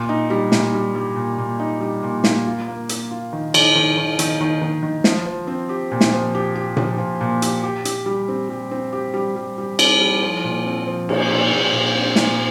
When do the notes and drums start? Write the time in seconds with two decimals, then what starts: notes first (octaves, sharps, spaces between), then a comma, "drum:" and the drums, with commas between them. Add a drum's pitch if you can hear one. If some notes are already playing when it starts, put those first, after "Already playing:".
Already playing: A#2
0.09 D#4
0.30 G3
0.52 A#2, drum: snare
0.74 G3
0.95 G3
1.16 A#2
1.38 A#2
1.59 D#4
1.81 G3
2.03 A#2
2.24 A#3, drum: snare
2.46 F4
2.68 A#3
2.89 A#3, drum: hi-hat
3.11 F4
3.33 D#3
3.54 D#3, drum: cymbal
3.75 D#3
3.97 D#3
4.19 D#3, drum: hi-hat
4.41 D#3
4.62 D#3
4.83 D#3
5.04 F3, drum: snare
5.26 F3
5.47 C4
5.69 G4
5.91 A#2
6.01 drum: snare
6.13 F3
6.35 G4
6.55 G4
6.77 F3, drum: tom A#2
6.98 F3
7.21 A#2
7.42 G4, drum: hi-hat
7.64 G4
7.85 G4, drum: hi-hat
8.06 G3
8.28 C4
8.49 G3
8.71 C4
8.93 G4
9.14 G3
9.36 G3
9.58 G3
9.79 C4, drum: cymbal
10.00 G3
10.22 F3
10.44 A#2
10.66 C4
10.87 F3
11.09 A#2, drum: cymbal
11.31 A#2
11.52 A#2
11.73 A#2
11.95 C4
12.16 A#2, drum: snare